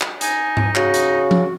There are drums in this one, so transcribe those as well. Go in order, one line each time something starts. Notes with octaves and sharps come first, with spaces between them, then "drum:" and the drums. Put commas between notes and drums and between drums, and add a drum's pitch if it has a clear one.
drum: clap
D#4 G#5, drum: hi-hat
drum: tom G#2
C#3 F#4, drum: clap
drum: hi-hat
drum: tom F3